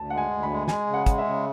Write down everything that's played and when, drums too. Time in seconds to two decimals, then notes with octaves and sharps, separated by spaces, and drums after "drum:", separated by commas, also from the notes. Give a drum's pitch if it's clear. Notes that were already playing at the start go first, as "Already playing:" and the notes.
Already playing: D2 A5
0.10 G#3 F#5
0.17 G#5
0.31 D2
0.43 B5
0.50 G#3
0.68 G#3 G#5, drum: snare
0.87 C#3
0.94 F#5
1.06 G#3, drum: kick, hi-hat
1.18 E5
1.24 C#3